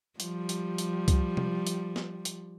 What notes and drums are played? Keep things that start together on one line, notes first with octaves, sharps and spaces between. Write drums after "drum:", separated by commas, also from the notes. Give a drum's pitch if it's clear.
F3 G3, drum: hi-hat
drum: hi-hat
drum: hi-hat
drum: kick, hi-hat
drum: tom C3
drum: hi-hat
drum: snare
drum: hi-hat